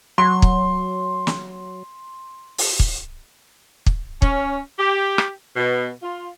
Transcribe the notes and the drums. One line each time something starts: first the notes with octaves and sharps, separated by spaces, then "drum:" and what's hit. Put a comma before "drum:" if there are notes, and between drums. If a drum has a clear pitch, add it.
F#3 C6
drum: kick
drum: snare
drum: open hi-hat
drum: kick
drum: kick
C#4, drum: kick
G4
drum: rim click
B2
F4